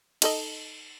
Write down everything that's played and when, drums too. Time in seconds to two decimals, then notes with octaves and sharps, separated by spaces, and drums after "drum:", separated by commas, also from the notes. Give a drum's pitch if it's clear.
0.22 D#4 A4 D#5, drum: cymbal